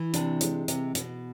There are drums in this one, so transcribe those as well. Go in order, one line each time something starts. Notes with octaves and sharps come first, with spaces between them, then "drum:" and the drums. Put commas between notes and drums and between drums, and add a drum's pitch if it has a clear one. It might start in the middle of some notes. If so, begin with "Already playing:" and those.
Already playing: E3
C3 D4, drum: hi-hat
G#3, drum: hi-hat
C3, drum: hi-hat
B2, drum: hi-hat